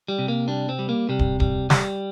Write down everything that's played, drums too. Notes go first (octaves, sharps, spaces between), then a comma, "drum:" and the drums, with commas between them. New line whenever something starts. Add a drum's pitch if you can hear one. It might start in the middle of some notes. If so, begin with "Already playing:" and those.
G3
C3
A#3
G3 D4
C4
G3
A#3
C3 G3
drum: kick
G3, drum: kick
G3, drum: snare